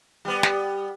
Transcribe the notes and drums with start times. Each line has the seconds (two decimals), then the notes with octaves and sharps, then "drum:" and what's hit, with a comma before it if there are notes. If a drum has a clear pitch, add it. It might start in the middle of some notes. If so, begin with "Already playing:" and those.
0.25 G3 B3
0.43 drum: snare